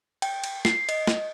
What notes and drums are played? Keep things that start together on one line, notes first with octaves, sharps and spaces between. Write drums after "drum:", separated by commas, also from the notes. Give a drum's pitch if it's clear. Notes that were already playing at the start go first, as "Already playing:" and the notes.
G5, drum: cymbal
drum: cymbal
C7, drum: snare
D#5, drum: cymbal
drum: snare